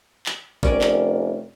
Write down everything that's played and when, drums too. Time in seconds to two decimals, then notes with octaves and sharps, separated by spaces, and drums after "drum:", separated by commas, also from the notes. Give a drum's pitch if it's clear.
0.26 drum: clap
0.63 F1 C#4 A#4 D5, drum: kick
0.81 drum: clap